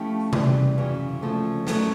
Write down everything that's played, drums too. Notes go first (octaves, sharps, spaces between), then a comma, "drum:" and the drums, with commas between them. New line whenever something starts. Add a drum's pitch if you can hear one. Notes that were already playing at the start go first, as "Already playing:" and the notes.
Already playing: F3 A3 C#4 E4 G4
C#3 E3 G3, drum: tom C3
F#2 C#3 E3
D2 C#3 F3 A3
F#3 A3 C#4, drum: snare